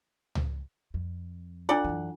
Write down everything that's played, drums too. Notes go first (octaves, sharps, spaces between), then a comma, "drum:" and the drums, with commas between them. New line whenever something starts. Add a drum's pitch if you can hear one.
drum: tom C#2
F2
D4 F4 A4 D5 F#5
F#2 E3